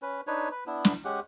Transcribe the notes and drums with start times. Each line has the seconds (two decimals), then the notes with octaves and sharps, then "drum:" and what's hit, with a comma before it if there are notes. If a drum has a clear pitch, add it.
0.02 C#4 B4
0.27 D4 D#4 B4 C#5
0.51 B4
0.67 B3 D4 E4
0.85 drum: snare
1.05 G#3 C#4 G4 F#5